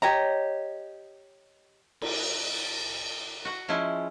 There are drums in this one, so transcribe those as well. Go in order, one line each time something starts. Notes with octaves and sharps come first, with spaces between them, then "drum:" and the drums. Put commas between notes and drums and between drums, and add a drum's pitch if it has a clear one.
G4 C#5 D#5 A#5
drum: cymbal
F#4 F#5
F3 G#3 C#4 E4